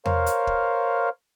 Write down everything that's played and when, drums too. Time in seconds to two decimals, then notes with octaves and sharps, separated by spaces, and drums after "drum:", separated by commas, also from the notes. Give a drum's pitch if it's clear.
0.06 A#4 C5 C#5 F5, drum: tom E2
0.26 drum: hi-hat
0.47 drum: kick